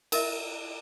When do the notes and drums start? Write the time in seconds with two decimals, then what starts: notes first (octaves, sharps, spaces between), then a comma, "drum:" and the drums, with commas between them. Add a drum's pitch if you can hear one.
0.12 A#4 D#5 E5, drum: cymbal